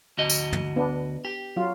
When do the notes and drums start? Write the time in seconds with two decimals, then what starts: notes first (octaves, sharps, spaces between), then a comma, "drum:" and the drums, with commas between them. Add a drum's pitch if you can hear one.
0.18 D2 F#4 D#5
0.30 drum: tambourine
0.53 drum: tom
0.76 B3 D4
1.25 G4
1.56 F#3 F4